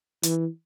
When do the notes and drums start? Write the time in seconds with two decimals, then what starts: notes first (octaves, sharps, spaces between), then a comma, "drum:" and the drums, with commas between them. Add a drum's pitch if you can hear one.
0.23 E3, drum: hi-hat